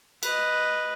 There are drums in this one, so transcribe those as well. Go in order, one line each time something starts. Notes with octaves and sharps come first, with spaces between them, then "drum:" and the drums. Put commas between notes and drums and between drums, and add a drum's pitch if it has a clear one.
B4 D#5, drum: cymbal